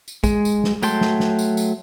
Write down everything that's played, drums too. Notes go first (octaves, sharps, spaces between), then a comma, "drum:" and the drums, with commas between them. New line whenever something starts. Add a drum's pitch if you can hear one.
drum: tambourine
G#3, drum: kick, tambourine
drum: tambourine
drum: snare
F#3 A3 G5 A5 C6, drum: tambourine
drum: snare
drum: snare
drum: tambourine
drum: tambourine